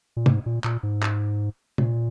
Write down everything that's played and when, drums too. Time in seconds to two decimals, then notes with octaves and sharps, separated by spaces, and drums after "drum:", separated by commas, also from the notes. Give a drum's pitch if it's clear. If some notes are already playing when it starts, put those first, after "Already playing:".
0.17 A#2
0.26 G#2, drum: tom
0.46 A#2
0.64 A#2, drum: clap
0.83 G#2
1.02 drum: clap
1.78 A#2, drum: tom